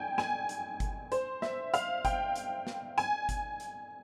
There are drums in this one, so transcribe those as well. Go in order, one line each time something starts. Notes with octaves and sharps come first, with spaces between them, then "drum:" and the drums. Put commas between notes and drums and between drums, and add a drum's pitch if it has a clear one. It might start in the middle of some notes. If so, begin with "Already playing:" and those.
Already playing: G5 G#5
G#5, drum: snare
drum: hi-hat
drum: kick G1, hi-hat
C5, drum: hi-hat
E5, drum: snare
F5, drum: hi-hat
G5, drum: kick G1, hi-hat
drum: hi-hat
drum: snare
G#5, drum: hi-hat
drum: kick G1, hi-hat
drum: hi-hat